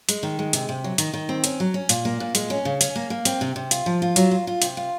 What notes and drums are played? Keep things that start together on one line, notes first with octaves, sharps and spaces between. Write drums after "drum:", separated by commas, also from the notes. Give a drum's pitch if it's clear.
G#3, drum: hi-hat
D#3
G#3
C3, drum: hi-hat
C3
F#3
D#3, drum: hi-hat
D#3
C4
C#4, drum: hi-hat
F#3
C#4
A#2, drum: hi-hat
A#3
A#2
G#3, drum: hi-hat
C#4
C#3
C#4, drum: hi-hat
A#3
A#3
C4, drum: hi-hat
C3
C3
F4, drum: hi-hat
F3
F4
F#3, drum: hi-hat
F4
F4
C3, drum: hi-hat
F4